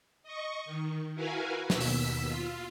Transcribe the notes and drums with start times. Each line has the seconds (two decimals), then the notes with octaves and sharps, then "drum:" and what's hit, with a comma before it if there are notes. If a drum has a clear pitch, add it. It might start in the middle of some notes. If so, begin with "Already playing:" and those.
0.23 D#5 C#6
0.65 D#3
1.15 E4 F#4 A#4 B4 F5 G#5
1.70 D#2 B2 E6 B6, drum: snare
1.81 drum: open hi-hat
2.26 F4